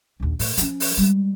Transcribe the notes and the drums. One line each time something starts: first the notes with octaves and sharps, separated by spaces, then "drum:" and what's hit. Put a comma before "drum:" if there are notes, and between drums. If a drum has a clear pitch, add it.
A#1 D#2
A2, drum: open hi-hat
F3 C#4, drum: hi-hat
drum: open hi-hat
G3 G#3